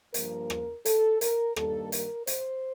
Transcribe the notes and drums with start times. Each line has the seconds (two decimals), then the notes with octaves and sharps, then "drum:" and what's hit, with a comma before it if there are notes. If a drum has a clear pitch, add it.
0.14 G2 F3 A#3 A#4, drum: hi-hat
0.50 drum: rim click
0.85 A4, drum: hi-hat
1.21 A#4, drum: hi-hat
1.56 G2 D#3 G3 A#3 A4, drum: rim click
1.92 A#4, drum: hi-hat
2.27 C5, drum: hi-hat